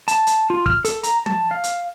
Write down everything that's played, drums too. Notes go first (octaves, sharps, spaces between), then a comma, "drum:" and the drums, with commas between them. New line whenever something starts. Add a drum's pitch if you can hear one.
A5, drum: hi-hat
drum: hi-hat
F4
F6, drum: kick
A4, drum: hi-hat
A#5, drum: hi-hat
A5, drum: tom
F5
drum: hi-hat